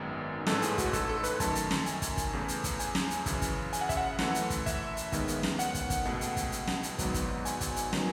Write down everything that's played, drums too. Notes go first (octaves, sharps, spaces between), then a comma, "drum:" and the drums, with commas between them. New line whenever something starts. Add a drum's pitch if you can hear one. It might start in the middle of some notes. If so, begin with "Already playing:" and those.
Already playing: G#1 F#2 D#3 G#3 B3
A1 G#2 E3 A3 A4, drum: snare
G#4, drum: hi-hat
F#4, drum: kick, hi-hat
A4, drum: kick, hi-hat
A4
B4, drum: hi-hat
F#2 D#3 A3 A5, drum: kick, hi-hat
drum: hi-hat
drum: snare
G#5, drum: hi-hat
drum: kick, hi-hat
drum: kick, hi-hat
E2 C#3 E3 A3
drum: hi-hat
drum: kick, hi-hat
G#5, drum: hi-hat
drum: snare
drum: hi-hat
F#2 C#3 E3, drum: kick, hi-hat
drum: kick, hi-hat
G#5, drum: hi-hat
F#5
E5, drum: kick, hi-hat
F#5
F#2 E3 A3, drum: snare
drum: hi-hat
drum: kick, hi-hat
E5, drum: kick, hi-hat
drum: hi-hat
D#2 D#3 G#3 B3, drum: kick, hi-hat
drum: hi-hat
drum: snare
F#5, drum: hi-hat
drum: kick, hi-hat
drum: kick, hi-hat
C#2 B2 A3, drum: tom
drum: hi-hat
drum: kick, hi-hat
drum: hi-hat
drum: snare
drum: hi-hat
G#1 G#2 F#3 B3, drum: kick, hi-hat
drum: kick, hi-hat
G#5, drum: hi-hat
drum: kick, hi-hat
drum: hi-hat
D#3 F#3 B3, drum: snare